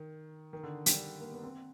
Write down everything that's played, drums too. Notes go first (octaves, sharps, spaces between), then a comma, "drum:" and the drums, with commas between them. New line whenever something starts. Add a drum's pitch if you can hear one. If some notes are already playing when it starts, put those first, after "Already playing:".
Already playing: D#3
D#3
D3
G3, drum: hi-hat
A#3
B3
C4